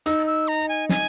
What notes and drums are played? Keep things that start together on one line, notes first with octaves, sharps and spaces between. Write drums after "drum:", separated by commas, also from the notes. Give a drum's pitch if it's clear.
D#4 E6, drum: hi-hat
E6
A#5
G#5
G#5, drum: snare